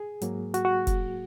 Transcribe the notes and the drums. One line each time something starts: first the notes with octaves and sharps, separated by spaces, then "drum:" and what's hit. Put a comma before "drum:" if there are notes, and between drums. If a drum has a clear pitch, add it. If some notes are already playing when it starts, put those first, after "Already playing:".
Already playing: G#4
G#2 F#3 A#3, drum: hi-hat
F#4, drum: hi-hat
F#4
drum: kick, hi-hat